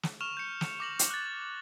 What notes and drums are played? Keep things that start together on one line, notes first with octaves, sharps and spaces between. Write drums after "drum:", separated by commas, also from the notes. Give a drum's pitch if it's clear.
drum: snare
C#6 F6 E7 F7
G6 C#7
drum: snare
D6 A#6 F#7
drum: hi-hat
F#6 A6